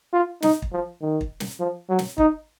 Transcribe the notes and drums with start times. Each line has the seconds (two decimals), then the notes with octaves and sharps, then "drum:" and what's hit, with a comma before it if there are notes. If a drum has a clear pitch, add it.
0.13 F4
0.42 D#4, drum: snare
0.62 drum: kick
0.73 F3
1.01 D#3
1.21 drum: kick
1.40 drum: snare
1.60 F3
1.89 F#3
1.99 drum: snare
2.18 D#4, drum: kick